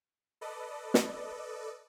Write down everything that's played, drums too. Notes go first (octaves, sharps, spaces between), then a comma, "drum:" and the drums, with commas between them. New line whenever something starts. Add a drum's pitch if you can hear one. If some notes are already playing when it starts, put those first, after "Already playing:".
A4 B4 D5 D#5
drum: snare